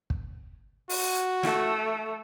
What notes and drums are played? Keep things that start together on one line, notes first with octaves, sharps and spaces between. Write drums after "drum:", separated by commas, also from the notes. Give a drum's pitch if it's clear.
drum: kick
F#4, drum: open hi-hat
A3, drum: snare